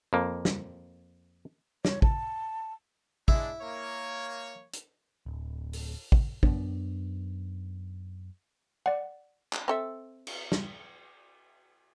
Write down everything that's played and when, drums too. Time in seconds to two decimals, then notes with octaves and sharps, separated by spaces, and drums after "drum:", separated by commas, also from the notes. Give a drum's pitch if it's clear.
0.13 F2 A#3
0.45 drum: snare
1.85 C#5, drum: snare
2.02 A5, drum: kick
3.28 G#3 D4 E4, drum: kick
3.61 A#3 C#5
4.73 drum: hi-hat
5.26 D1
5.73 drum: open hi-hat
6.12 drum: kick
6.43 F#2 B3 D4, drum: kick
8.86 D5 F#5
9.53 drum: clap
9.68 C4 A4 E5
10.27 drum: cymbal
10.52 drum: snare